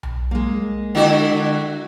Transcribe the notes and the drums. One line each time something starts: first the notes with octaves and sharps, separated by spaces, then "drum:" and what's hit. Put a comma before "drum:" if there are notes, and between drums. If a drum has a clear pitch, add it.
drum: tom B1
G#3 A#3
D3 E4 F#4